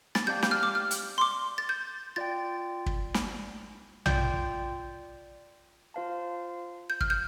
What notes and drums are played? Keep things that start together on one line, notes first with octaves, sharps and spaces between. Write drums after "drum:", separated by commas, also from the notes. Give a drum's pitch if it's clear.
A6, drum: snare
C4 G4 D5 F5 A5 G6
G6, drum: snare
F6
D6
F6
drum: hi-hat
C6
D6
A6
G6
F4 D5 G5 A6
drum: kick
drum: snare
F4 D5 G5 G6, drum: tom A#1
F4 C5 F5 A5
G6
F6, drum: kick
G6